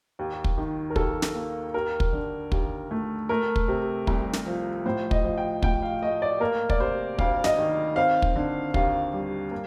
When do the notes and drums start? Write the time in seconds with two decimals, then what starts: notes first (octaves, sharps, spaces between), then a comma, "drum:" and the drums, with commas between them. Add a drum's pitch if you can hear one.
0.19 D#2
0.44 drum: kick
0.58 D#3
0.90 A#4
0.96 D#2 A4, drum: kick
1.22 drum: snare
1.35 A#3
1.74 D#2 A#4
2.00 drum: kick
2.13 D3
2.52 D#2, drum: kick
2.91 A3
3.29 A3 A#4
3.56 drum: kick
3.68 C3
4.07 C2, drum: kick
4.33 drum: snare
4.46 F3
4.86 A2 C5
5.11 D#5, drum: kick
5.24 F3
5.38 G5
5.62 A2 G5, drum: kick
5.82 F5
6.02 A3 D#5
6.22 D5
6.40 A#3 A#4
6.70 D5, drum: kick
6.80 C3 C5
7.19 D2 F5, drum: kick
7.44 D#5, drum: snare
7.58 D#3
7.96 C4 F5
8.22 drum: kick
8.36 D3
8.74 D#2 F5, drum: kick
9.13 G3
9.51 A#3